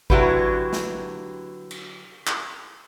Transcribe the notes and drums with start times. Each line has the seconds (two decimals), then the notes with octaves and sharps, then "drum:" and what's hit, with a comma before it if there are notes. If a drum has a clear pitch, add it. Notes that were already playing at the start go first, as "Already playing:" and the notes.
0.10 D3 F#3 E4 F#4 G4 B4, drum: kick G#1
0.73 drum: snare
1.71 drum: cymbal
2.27 drum: clap